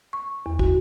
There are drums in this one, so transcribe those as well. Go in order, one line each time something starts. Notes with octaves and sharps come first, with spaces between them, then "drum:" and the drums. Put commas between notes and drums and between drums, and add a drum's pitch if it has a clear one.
C#6
E2
F#4, drum: kick